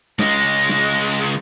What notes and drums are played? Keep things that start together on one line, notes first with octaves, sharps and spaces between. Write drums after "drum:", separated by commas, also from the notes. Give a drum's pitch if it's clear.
C#2 G#3 A#6, drum: snare
drum: snare